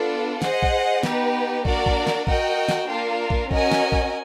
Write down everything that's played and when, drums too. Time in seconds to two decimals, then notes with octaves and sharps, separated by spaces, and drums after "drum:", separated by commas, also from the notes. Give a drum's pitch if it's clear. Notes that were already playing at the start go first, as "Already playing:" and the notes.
Already playing: B3 D4 F4 A4
0.42 G#4 C5 D#5 F#5, drum: snare
0.62 drum: kick
1.03 B3 D#4 G4 B4, drum: snare
1.65 A#3 D4 F#4 A#4 D5, drum: kick
1.86 drum: kick
2.07 drum: snare
2.27 F#4 A#4 D#5 G5, drum: kick
2.69 drum: snare
2.89 A#3 D4 F4 A#4
3.30 drum: kick
3.51 C#4 F#4 A#4 D#5 G#5, drum: kick
3.72 drum: snare
3.92 drum: kick